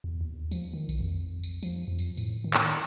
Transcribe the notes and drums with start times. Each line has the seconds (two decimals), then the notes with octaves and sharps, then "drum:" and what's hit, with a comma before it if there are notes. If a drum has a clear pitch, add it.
0.04 E2
0.21 D#2
0.51 F3, drum: tambourine
0.73 D#3
0.89 B1, drum: tambourine
1.01 F2
1.43 drum: tambourine
1.63 F3, drum: tambourine
1.88 F2
1.99 drum: tambourine
2.17 A2, drum: tambourine
2.44 D#3
2.54 drum: clap